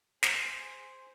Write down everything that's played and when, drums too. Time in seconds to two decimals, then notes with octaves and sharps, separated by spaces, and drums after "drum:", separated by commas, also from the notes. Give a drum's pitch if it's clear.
0.23 G#4 C5, drum: snare